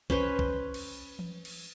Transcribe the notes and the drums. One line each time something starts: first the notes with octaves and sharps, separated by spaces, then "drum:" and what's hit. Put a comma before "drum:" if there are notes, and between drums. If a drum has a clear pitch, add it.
C#4 B4 C5 G5, drum: kick A#1
drum: kick A#1
drum: cymbal
drum: tom E3
drum: cymbal